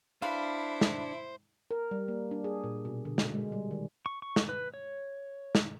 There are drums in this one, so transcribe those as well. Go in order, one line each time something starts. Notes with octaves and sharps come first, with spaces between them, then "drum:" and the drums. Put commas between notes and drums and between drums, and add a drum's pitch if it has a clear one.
D4 E4 B4 C5 F5
drum: snare
A#4
G3
A#3
D4
G#4
A#2
B2
D3
drum: snare
G#3
G3
D#3
C#6
C#6
drum: snare
B4
C#5
drum: snare